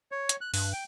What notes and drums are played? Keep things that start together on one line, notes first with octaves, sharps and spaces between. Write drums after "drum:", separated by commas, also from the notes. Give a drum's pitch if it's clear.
C#5
drum: hi-hat
F#6
G2 F#6, drum: open hi-hat
G5